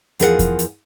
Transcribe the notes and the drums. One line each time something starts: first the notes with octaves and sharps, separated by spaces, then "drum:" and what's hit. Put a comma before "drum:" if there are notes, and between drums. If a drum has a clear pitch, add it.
E2 F3 G#4 A#4 B4 F#5, drum: hi-hat
drum: kick E2, hi-hat
drum: hi-hat